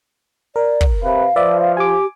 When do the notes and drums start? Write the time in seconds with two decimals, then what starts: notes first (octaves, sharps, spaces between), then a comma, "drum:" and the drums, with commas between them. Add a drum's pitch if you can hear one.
0.56 A#4 D5
0.81 drum: kick
1.03 C3 B4 F5
1.36 F3 B4 D5 E5
1.77 G4 G#5 D6